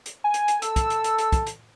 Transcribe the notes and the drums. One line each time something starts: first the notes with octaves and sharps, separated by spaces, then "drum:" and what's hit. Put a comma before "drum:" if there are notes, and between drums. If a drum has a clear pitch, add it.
drum: hi-hat
G#5
drum: hi-hat
drum: hi-hat
A4 E6, drum: hi-hat
drum: kick, hi-hat
drum: hi-hat
drum: hi-hat
drum: hi-hat
drum: kick, hi-hat
drum: hi-hat